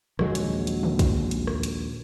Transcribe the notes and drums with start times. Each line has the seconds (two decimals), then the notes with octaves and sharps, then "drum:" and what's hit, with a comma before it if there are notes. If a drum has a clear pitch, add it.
0.19 A#1 D#2 F#3 G#3, drum: rim click
0.35 drum: hi-hat
0.67 drum: hi-hat
0.83 drum: tom
0.99 drum: kick, hi-hat
1.31 drum: hi-hat
1.47 drum: rim click
1.63 drum: hi-hat